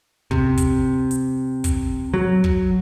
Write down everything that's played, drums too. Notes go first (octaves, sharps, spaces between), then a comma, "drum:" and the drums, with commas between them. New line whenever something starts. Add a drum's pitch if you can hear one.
C3, drum: kick
drum: kick, hi-hat
drum: hi-hat
drum: kick, hi-hat
F#3
drum: kick